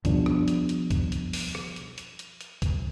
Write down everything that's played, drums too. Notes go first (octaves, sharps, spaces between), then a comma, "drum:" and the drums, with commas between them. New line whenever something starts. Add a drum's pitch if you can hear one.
B2 F3 G3 D4, drum: kick, hi-hat
drum: rim click
drum: hi-hat
drum: hi-hat
drum: kick, hi-hat
drum: hi-hat
drum: open hi-hat
drum: rim click
drum: hi-hat
drum: hi-hat
drum: hi-hat
drum: hi-hat
drum: kick, hi-hat